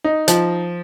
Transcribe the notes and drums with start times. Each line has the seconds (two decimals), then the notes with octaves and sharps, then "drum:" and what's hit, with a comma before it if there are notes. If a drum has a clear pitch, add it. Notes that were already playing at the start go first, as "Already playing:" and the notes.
0.04 D#4
0.28 F3, drum: hi-hat